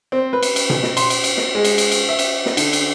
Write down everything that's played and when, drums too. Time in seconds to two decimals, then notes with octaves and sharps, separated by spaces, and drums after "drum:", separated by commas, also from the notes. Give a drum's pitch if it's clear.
0.12 C4
0.33 B4
0.43 drum: cymbal
0.56 drum: cymbal
0.70 drum: tom B2
0.83 drum: snare
0.97 C6, drum: cymbal
1.10 drum: cymbal
1.24 drum: cymbal
1.37 drum: snare
1.55 G#3
1.64 drum: cymbal
1.78 drum: cymbal
1.92 drum: cymbal
2.09 E5
2.19 drum: cymbal
2.46 drum: snare
2.57 D3, drum: cymbal
2.73 drum: cymbal